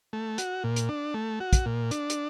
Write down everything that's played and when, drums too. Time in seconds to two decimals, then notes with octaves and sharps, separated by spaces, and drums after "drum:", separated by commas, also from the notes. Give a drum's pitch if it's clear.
0.13 A3
0.38 F#4, drum: hi-hat
0.64 A#2
0.76 drum: hi-hat
0.89 D4
1.14 A3
1.40 F#4
1.53 drum: kick, hi-hat
1.66 A#2
1.91 D4, drum: hi-hat
2.10 drum: hi-hat